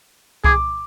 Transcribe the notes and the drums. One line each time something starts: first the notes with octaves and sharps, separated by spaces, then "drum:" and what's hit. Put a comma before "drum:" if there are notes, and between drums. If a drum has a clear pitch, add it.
G#4 D6, drum: kick C2